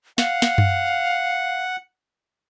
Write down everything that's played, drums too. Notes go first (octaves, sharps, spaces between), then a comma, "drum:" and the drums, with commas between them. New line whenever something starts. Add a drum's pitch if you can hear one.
F5 F#5, drum: snare
drum: snare
drum: tom F#2